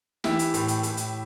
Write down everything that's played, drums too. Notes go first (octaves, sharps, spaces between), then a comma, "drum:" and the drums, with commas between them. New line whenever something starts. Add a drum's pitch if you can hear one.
E3 E4 G4, drum: snare
drum: hi-hat
A2, drum: hi-hat
drum: hi-hat
A2, drum: hi-hat
drum: hi-hat